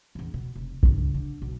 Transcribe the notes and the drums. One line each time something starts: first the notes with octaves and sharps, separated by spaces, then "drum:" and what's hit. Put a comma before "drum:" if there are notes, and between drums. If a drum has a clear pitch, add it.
A#1 E2
B2
F1
C#2 G2, drum: kick A#1
D3
B1